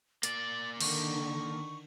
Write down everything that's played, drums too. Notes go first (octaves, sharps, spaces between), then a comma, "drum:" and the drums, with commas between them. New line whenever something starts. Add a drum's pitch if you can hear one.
A#3 D5 A6, drum: hi-hat
D3 D#3 C#6, drum: cymbal